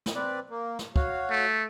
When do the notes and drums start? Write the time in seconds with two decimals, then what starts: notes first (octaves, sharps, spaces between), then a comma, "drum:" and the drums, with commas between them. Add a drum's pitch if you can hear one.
0.06 drum: snare
0.15 C4 B4 D5
0.50 A#3
0.79 drum: snare
0.96 F#4 C#5 F5, drum: kick
1.31 A3